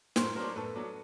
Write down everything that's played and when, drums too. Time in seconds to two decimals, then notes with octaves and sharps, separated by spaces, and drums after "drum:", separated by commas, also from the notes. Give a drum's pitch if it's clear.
0.16 A2 A#4 C5, drum: snare
0.35 F#3 B3 D4 A#4 C5
0.55 A2 A4 B4
0.75 F#3 B3 D4